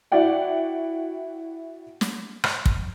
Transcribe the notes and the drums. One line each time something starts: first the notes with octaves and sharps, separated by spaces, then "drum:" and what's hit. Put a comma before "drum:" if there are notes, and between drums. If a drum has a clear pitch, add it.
E4 F#4 D5 F#5 G5
drum: snare
drum: rim click
drum: kick